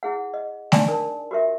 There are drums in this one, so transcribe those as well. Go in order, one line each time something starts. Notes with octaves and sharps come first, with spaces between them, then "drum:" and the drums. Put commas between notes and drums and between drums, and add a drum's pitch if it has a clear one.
E4 G#4 F#5
D#5
D4 D#4 D5 G#5, drum: snare A3
A#4 A5
F#4 G4 A#4 E5